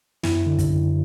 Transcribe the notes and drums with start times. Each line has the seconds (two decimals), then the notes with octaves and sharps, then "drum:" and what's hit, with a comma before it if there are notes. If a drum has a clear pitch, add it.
0.23 F#2 E4, drum: snare
0.46 D3
0.59 drum: kick, hi-hat
0.70 F#2